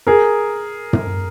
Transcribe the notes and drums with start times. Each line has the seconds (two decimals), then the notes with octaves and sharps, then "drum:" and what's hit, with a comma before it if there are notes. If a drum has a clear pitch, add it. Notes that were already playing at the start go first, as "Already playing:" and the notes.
0.07 G#4 A#4
0.93 drum: tom